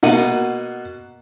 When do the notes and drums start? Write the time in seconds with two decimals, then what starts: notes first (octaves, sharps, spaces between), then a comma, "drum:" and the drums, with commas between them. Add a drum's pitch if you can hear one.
0.03 B2 A#3 F#5, drum: open hi-hat